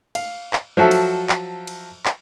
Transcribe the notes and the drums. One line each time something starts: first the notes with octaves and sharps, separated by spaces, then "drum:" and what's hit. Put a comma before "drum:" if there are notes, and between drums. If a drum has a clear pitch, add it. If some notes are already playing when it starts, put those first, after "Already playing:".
F5, drum: cymbal
drum: clap
F3 F#3 F#4 A4 E5
drum: cymbal
drum: clap
drum: cymbal
drum: clap